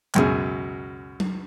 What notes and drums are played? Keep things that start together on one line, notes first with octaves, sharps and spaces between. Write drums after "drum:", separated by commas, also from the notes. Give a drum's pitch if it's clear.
C#2 F#2 B2 F#3 G#4, drum: clap
drum: tom F#3